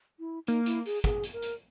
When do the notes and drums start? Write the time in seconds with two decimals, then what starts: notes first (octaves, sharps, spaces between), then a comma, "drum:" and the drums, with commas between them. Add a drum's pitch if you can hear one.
0.19 E4
0.47 A#3 D#4, drum: hi-hat
0.66 E4, drum: hi-hat
0.85 G#4, drum: open hi-hat
1.04 G#4, drum: kick, hi-hat
1.23 drum: hi-hat
1.33 A#4
1.42 drum: hi-hat